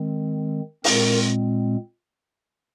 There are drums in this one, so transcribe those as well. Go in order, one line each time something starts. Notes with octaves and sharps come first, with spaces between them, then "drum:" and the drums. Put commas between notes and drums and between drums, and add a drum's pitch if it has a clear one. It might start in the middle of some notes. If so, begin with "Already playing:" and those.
Already playing: D#3 G#3 C4
A#2 G#3 C4 A#4, drum: open hi-hat